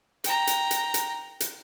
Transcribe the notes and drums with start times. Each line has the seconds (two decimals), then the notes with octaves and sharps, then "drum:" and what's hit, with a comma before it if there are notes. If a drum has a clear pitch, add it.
0.24 G5 A#5, drum: hi-hat
0.47 drum: hi-hat
0.71 drum: hi-hat
0.94 drum: hi-hat
1.40 drum: hi-hat